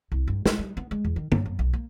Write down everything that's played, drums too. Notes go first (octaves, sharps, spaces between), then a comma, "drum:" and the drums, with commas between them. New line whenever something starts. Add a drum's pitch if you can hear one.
C2
G2
G#3, drum: snare
G3
B3
G#3
E2
D#3
G2, drum: tom
F#2
B1
A#3